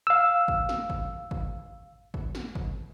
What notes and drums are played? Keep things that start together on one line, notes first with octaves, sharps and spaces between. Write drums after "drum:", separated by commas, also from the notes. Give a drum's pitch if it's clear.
F5 E6
drum: kick G#1
drum: snare
drum: kick G#1
drum: kick G#1
drum: kick G#1
drum: snare
drum: kick G#1